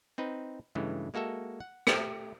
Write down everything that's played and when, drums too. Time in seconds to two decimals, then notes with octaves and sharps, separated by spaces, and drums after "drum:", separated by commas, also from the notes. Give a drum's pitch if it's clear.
0.18 C4 D#4 B4
0.75 G2 C#3 E3 G#3 A3
1.14 G#3 A#3 F#4 A4 E5
1.60 F#5
1.87 A3 G4, drum: rim click